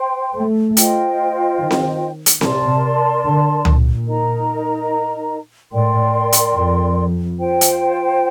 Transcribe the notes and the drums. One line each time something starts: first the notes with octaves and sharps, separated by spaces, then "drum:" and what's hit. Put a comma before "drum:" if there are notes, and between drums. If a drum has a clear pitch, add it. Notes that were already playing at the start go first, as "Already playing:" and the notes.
Already playing: C5 G5 C6
A3
F4 C5 D#5 G5, drum: hi-hat
D#3
drum: snare C4
drum: hi-hat
C3 A#4 D5 A5 C6, drum: snare C4
D3
A#2, drum: tom C#2
D#4 A#4 D#5 A#5
A2 A#4 D5 G5 C6
drum: hi-hat
F2
F4 C5 G5
drum: hi-hat